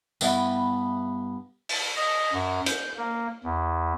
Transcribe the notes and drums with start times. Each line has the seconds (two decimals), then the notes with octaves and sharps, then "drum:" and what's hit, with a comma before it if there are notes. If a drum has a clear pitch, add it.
0.21 G2 B3 E4, drum: tambourine
1.69 drum: open hi-hat
1.96 D#5
2.33 F#2
2.66 G6, drum: hi-hat
2.97 A#3
3.44 E2